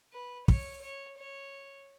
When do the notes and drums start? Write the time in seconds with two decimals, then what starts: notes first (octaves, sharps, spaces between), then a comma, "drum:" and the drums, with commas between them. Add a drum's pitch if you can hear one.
0.13 B4
0.48 C#5, drum: kick
0.82 C#5
1.18 C#5